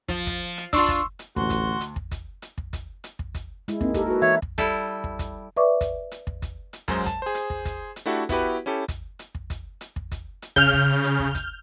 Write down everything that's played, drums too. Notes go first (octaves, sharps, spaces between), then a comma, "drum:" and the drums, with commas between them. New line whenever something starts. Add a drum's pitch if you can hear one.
F3, drum: kick
drum: kick, hi-hat
drum: hi-hat
D4 F4 C6 C#6 E6, drum: kick
drum: kick, hi-hat
drum: hi-hat
A1 D2 F#4 C6, drum: kick
drum: kick, hi-hat
drum: hi-hat
drum: kick
drum: kick, hi-hat
drum: hi-hat
drum: kick
drum: kick, hi-hat
drum: hi-hat
drum: kick
drum: kick, hi-hat
G#3 E4, drum: hi-hat
A#3 C4 D#4, drum: kick
G4 A4 A#4, drum: kick, hi-hat
F#4 A4 B4
E3 C#5 E5
drum: kick
G3 E4 A4, drum: kick, hi-hat
drum: kick
drum: kick, hi-hat
B4 D5 E5 C#6 D6
drum: kick, hi-hat
drum: hi-hat
drum: kick
drum: kick, hi-hat
drum: hi-hat
F#2 F#3 G#3 C5 C6, drum: kick
A5, drum: kick, hi-hat
G#4 C5
drum: hi-hat
drum: kick
drum: kick, hi-hat
drum: hi-hat
A3 D4 E4 F#4 G4 A4
B3 E4 F#4 G4 B4, drum: kick, hi-hat
C#4 E4 G4 A4
drum: kick, hi-hat
drum: hi-hat
drum: kick
drum: kick, hi-hat
drum: hi-hat
drum: kick
drum: kick, hi-hat
drum: hi-hat
C#3 F6 G6, drum: kick
drum: kick
drum: hi-hat
drum: kick
drum: kick, hi-hat